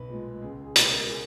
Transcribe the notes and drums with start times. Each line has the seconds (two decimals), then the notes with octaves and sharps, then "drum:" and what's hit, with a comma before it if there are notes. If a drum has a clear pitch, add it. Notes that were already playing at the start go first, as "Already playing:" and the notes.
Already playing: B1 B4
0.08 A#2 G#3
0.42 C#2 G#4
0.64 G#4
0.76 B2 G#3, drum: hi-hat
0.87 A#4
1.08 G#4